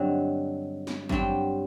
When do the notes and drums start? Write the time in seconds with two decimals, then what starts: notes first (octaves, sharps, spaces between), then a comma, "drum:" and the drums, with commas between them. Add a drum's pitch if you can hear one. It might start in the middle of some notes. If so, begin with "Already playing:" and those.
Already playing: G2 D3 F#3 C4 D#4
0.87 drum: snare
1.09 G2 F#3 C4 G4, drum: kick G#1